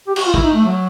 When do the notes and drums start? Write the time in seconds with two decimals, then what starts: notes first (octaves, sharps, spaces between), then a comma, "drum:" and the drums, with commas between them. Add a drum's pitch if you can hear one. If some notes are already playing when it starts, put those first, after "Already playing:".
0.07 G4
0.16 F#4, drum: cymbal
0.25 F4
0.34 E4, drum: kick
0.43 D#4
0.53 A3
0.65 F#3